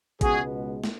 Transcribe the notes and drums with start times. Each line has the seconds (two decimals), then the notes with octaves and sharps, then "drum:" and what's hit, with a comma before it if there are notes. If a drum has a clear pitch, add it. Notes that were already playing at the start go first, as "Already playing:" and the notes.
0.21 C#2 B2 G#3 B3 F#4 G#4, drum: kick G#1, hi-hat
0.84 drum: snare